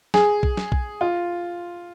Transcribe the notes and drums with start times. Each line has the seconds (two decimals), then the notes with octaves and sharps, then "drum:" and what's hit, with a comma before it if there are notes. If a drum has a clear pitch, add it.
0.14 G#4, drum: snare
0.43 drum: kick
0.57 drum: snare
0.72 drum: kick
1.01 F4